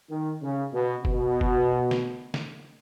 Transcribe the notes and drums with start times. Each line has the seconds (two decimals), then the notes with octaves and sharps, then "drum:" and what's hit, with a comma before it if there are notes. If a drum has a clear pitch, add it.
0.10 D#3
0.42 C#3
0.73 B2
1.05 B2, drum: kick F#1
1.41 drum: kick F#1
1.91 drum: snare
2.34 drum: snare